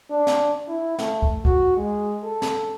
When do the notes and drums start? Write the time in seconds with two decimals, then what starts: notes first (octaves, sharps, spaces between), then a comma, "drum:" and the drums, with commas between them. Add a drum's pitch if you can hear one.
0.10 D4
0.27 drum: snare
0.69 E4
0.98 A3, drum: snare
1.22 drum: kick
1.45 F#4, drum: kick
1.77 G#3
2.23 A4
2.42 drum: snare